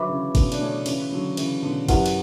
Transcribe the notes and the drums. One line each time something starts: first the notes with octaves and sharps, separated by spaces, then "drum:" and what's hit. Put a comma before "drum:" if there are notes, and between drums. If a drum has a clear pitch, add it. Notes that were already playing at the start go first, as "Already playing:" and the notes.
Already playing: D3 F#3 F#4 B4 E5 B5 D6
C#3 E3
B2 D3, drum: kick G#1, cymbal
D4, drum: cymbal
A3 C#4
C#3 E3, drum: cymbal
D3 F#3
C#3 E3, drum: cymbal
B2 D3
F#2 E4 G4 B4 F#5, drum: kick G#1, cymbal
drum: cymbal